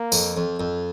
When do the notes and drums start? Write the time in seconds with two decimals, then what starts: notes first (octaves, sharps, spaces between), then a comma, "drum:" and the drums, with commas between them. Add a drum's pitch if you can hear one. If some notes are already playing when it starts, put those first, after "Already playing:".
Already playing: A#3
0.12 F2, drum: tambourine
0.37 F2
0.60 F2